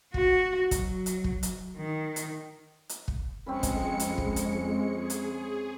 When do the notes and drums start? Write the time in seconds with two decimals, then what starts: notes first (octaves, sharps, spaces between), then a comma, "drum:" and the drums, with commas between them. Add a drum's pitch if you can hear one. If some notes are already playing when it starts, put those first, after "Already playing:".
0.14 F#4, drum: kick
0.71 F#3, drum: kick, hi-hat
1.06 drum: hi-hat
1.24 drum: kick
1.43 drum: hi-hat
1.77 D#3
2.16 drum: hi-hat
2.89 drum: hi-hat
3.08 drum: kick
3.46 F2 G#3 C4 C#4 B4 C#7
3.63 drum: kick, hi-hat
4.00 drum: hi-hat
4.18 drum: kick
4.36 drum: hi-hat
4.88 G#4
5.10 drum: hi-hat